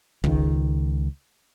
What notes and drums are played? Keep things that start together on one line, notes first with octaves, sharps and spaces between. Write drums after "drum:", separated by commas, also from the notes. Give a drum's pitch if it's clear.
C#2 D#3, drum: kick